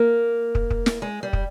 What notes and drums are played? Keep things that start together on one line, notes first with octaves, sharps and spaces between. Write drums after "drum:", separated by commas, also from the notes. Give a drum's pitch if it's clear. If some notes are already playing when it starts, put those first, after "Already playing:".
Already playing: A#3
drum: kick
drum: kick
drum: snare
G#3
G3
drum: kick